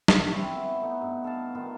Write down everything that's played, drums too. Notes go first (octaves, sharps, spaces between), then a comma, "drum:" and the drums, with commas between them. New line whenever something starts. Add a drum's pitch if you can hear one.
drum: snare
C4 E4 E5 C#6
B3
A3 B3 D#4
G2
A4 F5 A5
D#3 B3 F4